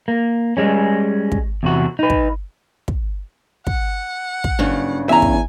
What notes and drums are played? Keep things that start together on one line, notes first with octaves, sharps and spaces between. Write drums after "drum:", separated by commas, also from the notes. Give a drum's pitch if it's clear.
A#3
G3 G#3 C#4
drum: kick
E2 C3 F#4
D#4 B4
drum: kick
drum: kick
F#5, drum: kick
drum: kick
F#1 G2 C#3
E2 E5 G#5 A#5
drum: kick